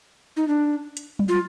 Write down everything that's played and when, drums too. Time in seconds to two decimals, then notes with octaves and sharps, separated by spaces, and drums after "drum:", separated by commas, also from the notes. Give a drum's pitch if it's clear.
0.37 D#4
0.48 D4
0.97 drum: hi-hat
1.19 drum: tom F#3
1.28 F4